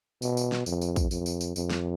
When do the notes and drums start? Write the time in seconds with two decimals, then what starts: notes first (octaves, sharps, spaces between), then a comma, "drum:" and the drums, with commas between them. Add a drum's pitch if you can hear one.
0.22 B2, drum: tambourine
0.37 drum: tambourine
0.52 drum: snare
0.66 F2, drum: tambourine
0.81 drum: tambourine
0.96 drum: kick, tambourine
1.11 F2, drum: tambourine
1.26 drum: tambourine
1.41 drum: tambourine
1.56 F2, drum: tambourine
1.70 drum: snare